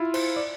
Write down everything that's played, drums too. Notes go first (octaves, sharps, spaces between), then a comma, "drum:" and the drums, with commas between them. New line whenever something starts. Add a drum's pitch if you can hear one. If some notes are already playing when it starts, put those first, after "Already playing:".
Already playing: E4 F4
C5, drum: cymbal
D5